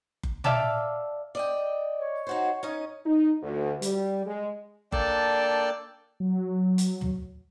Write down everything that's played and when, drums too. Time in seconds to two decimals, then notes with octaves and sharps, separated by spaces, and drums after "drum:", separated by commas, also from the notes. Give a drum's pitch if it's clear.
0.23 drum: kick F#1
0.44 D5 E5 F5 G5 A5 D6, drum: tom
1.35 D5 D#5 G5
1.99 C#5
2.27 D#4 F#4 C5
2.63 C#4 D#4 D#5
3.05 D#4
3.41 D2
3.82 G3, drum: hi-hat
4.25 G#3
4.92 A#3 D4 A4 D5 G5 A5, drum: kick F#1
6.20 F#3
6.78 drum: hi-hat
7.01 drum: tom